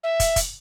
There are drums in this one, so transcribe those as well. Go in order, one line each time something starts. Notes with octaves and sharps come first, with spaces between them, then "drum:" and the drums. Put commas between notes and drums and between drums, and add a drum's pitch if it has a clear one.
E5
drum: kick, hi-hat
drum: kick, hi-hat